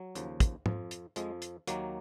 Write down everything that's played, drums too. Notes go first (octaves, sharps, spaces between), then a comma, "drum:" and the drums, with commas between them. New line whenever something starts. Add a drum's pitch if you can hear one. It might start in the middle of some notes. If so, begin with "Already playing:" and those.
Already playing: F#3
D#2 C#3 F3, drum: hi-hat
drum: kick, hi-hat
F2 F3, drum: tom
drum: hi-hat
F2 F3 G#3, drum: hi-hat
drum: hi-hat
D#2 D#3 F#3 A#3, drum: hi-hat